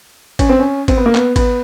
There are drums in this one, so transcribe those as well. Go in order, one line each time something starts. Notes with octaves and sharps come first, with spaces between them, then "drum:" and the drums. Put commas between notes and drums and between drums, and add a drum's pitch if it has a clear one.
C#4, drum: kick G#1, cymbal
C4
C#4
C4, drum: kick G#1, cymbal
B3
A#3
B3, drum: clap
B3, drum: kick G#1, cymbal